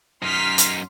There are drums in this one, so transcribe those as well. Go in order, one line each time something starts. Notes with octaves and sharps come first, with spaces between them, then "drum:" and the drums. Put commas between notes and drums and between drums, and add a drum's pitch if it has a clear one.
F#2 D#4 C6 F6 B6
drum: hi-hat